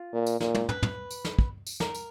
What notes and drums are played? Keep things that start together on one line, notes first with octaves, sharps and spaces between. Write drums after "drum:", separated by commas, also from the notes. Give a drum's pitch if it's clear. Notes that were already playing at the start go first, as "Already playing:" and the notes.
Already playing: F4
A#2
drum: tambourine
A#2, drum: snare
drum: tom
B4, drum: tom
drum: tom
drum: tambourine
drum: snare
drum: kick
drum: tambourine
A#4, drum: snare
drum: tambourine